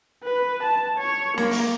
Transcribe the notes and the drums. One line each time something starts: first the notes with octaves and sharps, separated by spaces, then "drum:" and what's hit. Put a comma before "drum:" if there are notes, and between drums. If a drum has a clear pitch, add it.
B4
A5
C#5
A#3, drum: snare
drum: open hi-hat